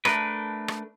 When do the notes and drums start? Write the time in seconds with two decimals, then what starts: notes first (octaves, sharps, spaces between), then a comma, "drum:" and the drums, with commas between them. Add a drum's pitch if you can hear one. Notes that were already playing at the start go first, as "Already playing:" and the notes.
0.05 A3 D4 A#4 B4, drum: rim click
0.68 drum: rim click